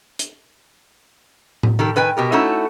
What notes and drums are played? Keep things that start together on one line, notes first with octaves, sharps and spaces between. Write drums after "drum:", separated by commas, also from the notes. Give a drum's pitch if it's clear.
drum: hi-hat
drum: tom A2
D#3 G4 A4
D#3 B4 G5 G#5
B2 G4 A#4
A3 C#4 D#4 E4 F#4 A4